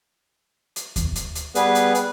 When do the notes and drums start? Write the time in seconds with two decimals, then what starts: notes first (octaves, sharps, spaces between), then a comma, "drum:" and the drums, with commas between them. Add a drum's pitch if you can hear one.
0.76 drum: hi-hat
0.96 drum: kick D#2, hi-hat
1.16 drum: hi-hat
1.35 drum: hi-hat
1.55 G3 B3 G#4 B4, drum: hi-hat
1.75 drum: hi-hat
1.95 drum: hi-hat